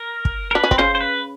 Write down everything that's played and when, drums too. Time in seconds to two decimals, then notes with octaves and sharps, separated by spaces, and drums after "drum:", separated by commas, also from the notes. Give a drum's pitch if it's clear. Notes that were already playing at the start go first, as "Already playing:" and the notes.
Already playing: A#4
0.25 drum: kick
0.51 A#4
0.55 D4 B4
0.64 C#4
0.71 C4, drum: kick
0.78 C#3 C#4 C5
0.95 C5
1.01 B4